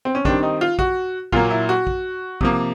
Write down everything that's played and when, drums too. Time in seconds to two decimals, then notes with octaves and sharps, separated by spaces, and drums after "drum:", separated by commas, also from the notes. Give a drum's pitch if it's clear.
0.05 C4
0.15 C#4
0.25 D#3 G3 C4 D4, drum: kick
0.43 D#4
0.61 F4
0.79 F#4, drum: kick
1.32 A#2 F#3 A#3 F4, drum: kick
1.51 E4
1.69 F#4
1.87 drum: kick
2.41 C3 F3 A#3, drum: kick